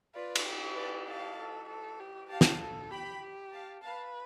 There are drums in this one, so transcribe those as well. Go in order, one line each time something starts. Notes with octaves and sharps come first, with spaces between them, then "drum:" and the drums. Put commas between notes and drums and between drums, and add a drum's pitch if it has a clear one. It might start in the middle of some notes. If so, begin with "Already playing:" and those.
F4 B4 D5
drum: cymbal
G4
B4 D5
F5 A5
A4
A4
G4
G4 F5 A5
drum: snare
A4
G4 G5 B5
G4
F5 A5
B4 F5 A5